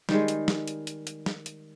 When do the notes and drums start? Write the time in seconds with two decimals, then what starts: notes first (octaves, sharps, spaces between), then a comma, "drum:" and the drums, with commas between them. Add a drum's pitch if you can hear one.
0.09 D#3 G3 G#3, drum: snare
0.28 drum: hi-hat
0.48 drum: snare
0.68 drum: hi-hat
0.87 drum: hi-hat
1.07 drum: hi-hat
1.26 drum: snare
1.46 drum: hi-hat